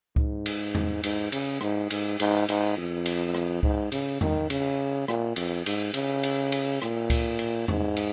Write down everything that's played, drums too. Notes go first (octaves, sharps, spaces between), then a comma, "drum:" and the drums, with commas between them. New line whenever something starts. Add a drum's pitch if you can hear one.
G#2, drum: kick C#2
drum: cymbal
drum: tom E2
G#2, drum: cymbal
C#3, drum: cymbal
G#2, drum: rim click
G#2, drum: cymbal
G#2, drum: cymbal
G#2, drum: cymbal
F2
drum: cymbal
drum: rim click
G#2, drum: kick C#2
C#3, drum: cymbal
D#3, drum: tom E2
C#3, drum: cymbal
A#2, drum: rim click
F2, drum: cymbal
G#2, drum: cymbal
C#3, drum: cymbal
drum: cymbal
drum: cymbal
A#2, drum: rim click
drum: kick C#2, cymbal
drum: cymbal
G#2, drum: tom E2
drum: cymbal